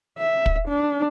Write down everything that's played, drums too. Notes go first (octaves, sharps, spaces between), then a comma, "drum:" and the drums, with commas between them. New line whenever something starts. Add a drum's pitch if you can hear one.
E5
drum: kick
D4